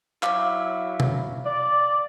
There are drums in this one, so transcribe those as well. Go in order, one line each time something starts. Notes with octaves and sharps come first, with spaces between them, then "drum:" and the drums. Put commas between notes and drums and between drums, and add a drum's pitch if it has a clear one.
F#3 E4 F5 D6, drum: clap
drum: tom
D5